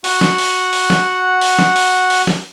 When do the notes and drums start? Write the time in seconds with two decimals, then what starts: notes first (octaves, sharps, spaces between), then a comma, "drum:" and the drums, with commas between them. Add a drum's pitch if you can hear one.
0.04 F#4 F#5, drum: open hi-hat
0.21 drum: snare
0.38 drum: open hi-hat
0.73 drum: open hi-hat
0.90 drum: snare
1.41 drum: open hi-hat
1.59 drum: snare
1.76 drum: open hi-hat
2.10 drum: open hi-hat
2.27 drum: snare